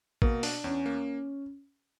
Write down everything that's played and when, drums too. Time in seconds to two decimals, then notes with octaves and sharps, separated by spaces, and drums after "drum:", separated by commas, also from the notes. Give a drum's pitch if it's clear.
0.22 B2 A#3, drum: kick A1
0.43 D4, drum: open hi-hat
0.64 E2 C#4
0.86 A#3